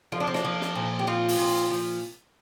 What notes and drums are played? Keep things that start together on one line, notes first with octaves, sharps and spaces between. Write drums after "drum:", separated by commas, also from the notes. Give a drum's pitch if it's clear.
F3 F4, drum: cymbal
D4
C4
A#3 D4, drum: snare
F3
drum: snare
A#2
G4
F3 C4 F4
drum: open hi-hat
A#2
F3